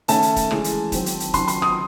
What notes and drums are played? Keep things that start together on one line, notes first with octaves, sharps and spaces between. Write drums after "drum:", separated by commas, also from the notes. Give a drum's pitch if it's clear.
D#3 A3 C#4 A5, drum: hi-hat
drum: hi-hat
drum: kick, hi-hat
E3 G#3 C#4, drum: rim click
drum: hi-hat
D#3 F#3 C4, drum: kick, hi-hat
drum: hi-hat
drum: hi-hat
D#3 F#3 C#4 C6, drum: kick, hi-hat
C6, drum: hi-hat
D#6, drum: rim click